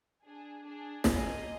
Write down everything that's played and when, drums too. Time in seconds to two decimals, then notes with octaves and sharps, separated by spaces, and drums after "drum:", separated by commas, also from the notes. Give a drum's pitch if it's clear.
0.24 D4 G#4
0.64 D4 G#4
1.04 A#3 F4 G#4 D#5, drum: snare